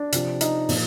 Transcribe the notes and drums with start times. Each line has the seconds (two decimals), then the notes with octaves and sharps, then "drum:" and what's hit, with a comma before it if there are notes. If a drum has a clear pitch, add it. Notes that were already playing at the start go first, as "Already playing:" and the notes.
Already playing: D4
0.12 C3 F3, drum: hi-hat
0.41 D#4, drum: hi-hat
0.69 A#2 F3, drum: open hi-hat